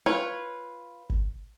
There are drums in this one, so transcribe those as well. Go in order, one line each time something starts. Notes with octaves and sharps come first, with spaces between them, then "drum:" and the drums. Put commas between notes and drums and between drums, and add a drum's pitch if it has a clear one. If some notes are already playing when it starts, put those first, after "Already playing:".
F4 B4 C#5
drum: kick G1